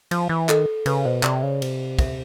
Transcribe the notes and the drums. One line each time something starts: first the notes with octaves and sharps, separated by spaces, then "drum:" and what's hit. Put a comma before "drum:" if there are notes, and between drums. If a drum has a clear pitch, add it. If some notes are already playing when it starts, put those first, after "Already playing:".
F3, drum: cymbal
E3
D#3 A4, drum: clap
C#3 B4, drum: cymbal
B2 C5
C3 D5, drum: clap
C#3
C3, drum: cymbal
E5, drum: kick, cymbal